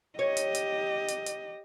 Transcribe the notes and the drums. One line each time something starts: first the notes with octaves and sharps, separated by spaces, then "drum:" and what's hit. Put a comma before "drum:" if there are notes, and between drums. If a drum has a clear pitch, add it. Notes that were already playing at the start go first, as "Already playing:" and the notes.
G4 C#5 D#5
drum: hi-hat
drum: hi-hat
drum: hi-hat
drum: hi-hat